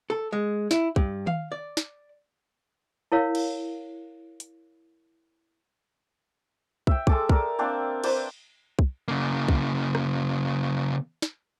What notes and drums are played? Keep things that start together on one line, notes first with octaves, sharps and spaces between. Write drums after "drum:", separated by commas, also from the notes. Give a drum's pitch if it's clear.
A4
G#3
E4, drum: snare
G2, drum: kick
F5, drum: tom D#3
D5
drum: snare
E4 A#4 C#5 F5
drum: cymbal
drum: hi-hat
E5 G5, drum: kick
G#3 A4 D6, drum: kick
A#4 D5, drum: kick
A#3 C4 D4 D5
B4 C5 D5 A#5, drum: cymbal
drum: kick
C#3 A#3
drum: kick
drum: rim click
drum: snare